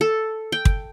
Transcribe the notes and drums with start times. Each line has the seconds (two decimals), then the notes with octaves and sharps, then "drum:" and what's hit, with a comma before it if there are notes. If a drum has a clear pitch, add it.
0.01 A4
0.52 G5
0.65 drum: kick